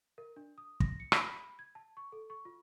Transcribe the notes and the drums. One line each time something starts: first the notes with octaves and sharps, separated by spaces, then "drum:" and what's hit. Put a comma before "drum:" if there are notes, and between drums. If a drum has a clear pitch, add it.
A#4
D4
D#6
A#6, drum: kick
C#7
B5, drum: rim click
G#6
A5
C#6
A4
C#6
F4